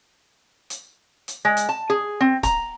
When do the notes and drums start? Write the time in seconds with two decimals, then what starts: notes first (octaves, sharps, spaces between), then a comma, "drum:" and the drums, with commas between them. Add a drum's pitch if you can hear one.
0.70 drum: hi-hat
1.28 drum: hi-hat
1.45 G#3
1.57 drum: hi-hat
1.69 A5
1.90 G#4
2.21 C4
2.43 A#5, drum: kick, hi-hat